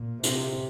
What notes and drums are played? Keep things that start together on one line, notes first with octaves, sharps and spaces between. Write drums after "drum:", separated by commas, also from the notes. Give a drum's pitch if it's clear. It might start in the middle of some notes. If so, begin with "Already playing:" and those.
Already playing: A#2
C3, drum: hi-hat